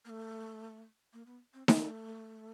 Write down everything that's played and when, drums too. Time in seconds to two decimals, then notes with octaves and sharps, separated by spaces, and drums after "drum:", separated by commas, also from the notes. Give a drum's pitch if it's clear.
0.05 A#3
0.10 A3
1.13 A#3
1.27 B3
1.54 C4
1.68 A3, drum: snare D#4